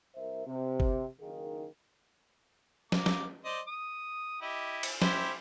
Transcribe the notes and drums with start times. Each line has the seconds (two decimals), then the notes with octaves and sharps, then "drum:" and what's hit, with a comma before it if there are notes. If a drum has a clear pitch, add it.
0.15 C2 A#4 C5 E5
0.45 C3
0.80 drum: kick G1
1.21 F#1 D#3 D#4 G#4 A#4 F5
2.92 A#3 D6, drum: snare
3.06 drum: snare
3.45 C5 D5 D#5
3.67 D#6
4.42 E4 G4 D#5
4.83 drum: cymbal
5.02 E4 G4 C5, drum: snare